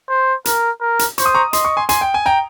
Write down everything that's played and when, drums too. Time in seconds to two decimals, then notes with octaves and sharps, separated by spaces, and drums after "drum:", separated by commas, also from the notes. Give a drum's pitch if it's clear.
0.09 C5
0.45 A#4, drum: hi-hat
0.81 A#4
0.99 drum: hi-hat
1.18 C5 C#6, drum: hi-hat
1.26 D#6
1.35 A#5 C#6
1.53 D#5 C6, drum: hi-hat
1.65 C#6
1.77 G#5 C6
1.89 G#5 C6, drum: hi-hat
2.01 G5
2.14 G#5
2.26 G5 A#5